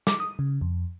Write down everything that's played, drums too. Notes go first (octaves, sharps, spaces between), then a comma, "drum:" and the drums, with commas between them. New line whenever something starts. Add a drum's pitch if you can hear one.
D6, drum: snare
D#6
C#3
F2